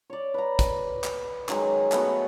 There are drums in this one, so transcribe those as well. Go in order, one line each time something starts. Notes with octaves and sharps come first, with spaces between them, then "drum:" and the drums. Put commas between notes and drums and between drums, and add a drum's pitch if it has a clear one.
C#5 D5
B4 A#5
drum: kick, hi-hat
drum: clap
D#3 F#3 G#3, drum: clap
A3 B3 F#4, drum: clap